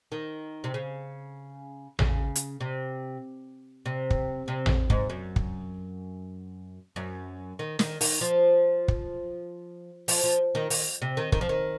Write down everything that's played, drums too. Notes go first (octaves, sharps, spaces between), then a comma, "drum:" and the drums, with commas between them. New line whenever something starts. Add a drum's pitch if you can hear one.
D#3
C3
C#3
C#3, drum: tom A1
drum: hi-hat
C3
C3
drum: kick
C3
drum: tom A1
G#2, drum: kick
F#2
drum: kick
F#2
D#3
D#3, drum: snare
D#3, drum: open hi-hat
F3
drum: kick
F3, drum: open hi-hat
F3
D#3
D#3, drum: open hi-hat
C3
D#3
D#3, drum: kick
F3
D#3